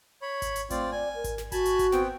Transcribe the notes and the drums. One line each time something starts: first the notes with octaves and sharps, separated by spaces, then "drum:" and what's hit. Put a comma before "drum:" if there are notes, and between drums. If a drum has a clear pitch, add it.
C#5 B5
drum: kick G#1, hi-hat
drum: hi-hat
A3 C4 F4 D5, drum: kick G#1, hi-hat
D5 G#5
A#4
drum: kick G#1, hi-hat
drum: snare
F#4 G#5 A5 B5, drum: kick G#1, hi-hat
drum: hi-hat
drum: kick G#1, hi-hat
B3 C4 G5, drum: snare